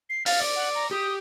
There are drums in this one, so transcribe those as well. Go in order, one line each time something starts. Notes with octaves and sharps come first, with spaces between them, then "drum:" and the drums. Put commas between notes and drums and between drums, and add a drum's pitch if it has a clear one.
C7
F5 A6, drum: open hi-hat
D5
F#5
A#5
G4 D#6